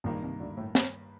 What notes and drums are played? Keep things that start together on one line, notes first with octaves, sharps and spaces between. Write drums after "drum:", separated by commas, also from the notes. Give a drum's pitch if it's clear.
A#1 G2 A#2 D#3 A#3
C2 C3
D2 D3
A2 A3
drum: snare